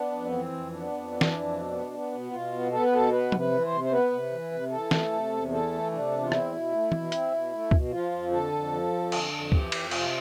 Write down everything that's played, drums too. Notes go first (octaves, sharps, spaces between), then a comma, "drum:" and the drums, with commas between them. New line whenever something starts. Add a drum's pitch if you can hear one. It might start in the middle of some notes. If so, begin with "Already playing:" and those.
Already playing: B3 D4
F2
E3 C4
F2
B3 D4
F2
E3
drum: snare
F2
B2
B3
B3
B2
B2 F4
B3
B3 A4
B4
B2 A4
B3 B4
C3, drum: tom F3
B4
E3
C5
C3
C5
B3 B4
C3
E3
C3
E3 A4
A3, drum: snare
C3
E2
E3 A4
A3
C3 D4
E2
F4
C4 E4, drum: rim click
B2
A3
B2, drum: tom E3
C4, drum: hi-hat
B2
A3
B2, drum: kick C#2
F3 F4
F2
D3 A4
F2
F3
F2
D3, drum: cymbal
F2
E3 G4, drum: kick C#2
F2, drum: cymbal
C3 F4, drum: cymbal